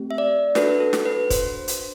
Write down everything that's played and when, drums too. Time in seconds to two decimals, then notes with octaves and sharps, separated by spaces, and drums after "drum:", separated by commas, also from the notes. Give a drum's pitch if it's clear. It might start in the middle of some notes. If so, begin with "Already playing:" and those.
Already playing: A3 C4 G4
0.11 E5
0.18 D5
0.55 D4 F#4 A4 B4, drum: snare
0.80 A4
0.93 drum: snare
1.05 B4
1.30 C5, drum: kick, hi-hat
1.68 drum: hi-hat